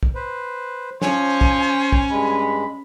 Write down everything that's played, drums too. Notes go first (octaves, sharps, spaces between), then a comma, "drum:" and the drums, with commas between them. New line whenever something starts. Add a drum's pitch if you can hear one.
drum: kick
B4 C5
F3 C#4 C5 C#5 G#5, drum: snare
drum: kick
drum: kick
G2 G#3 B5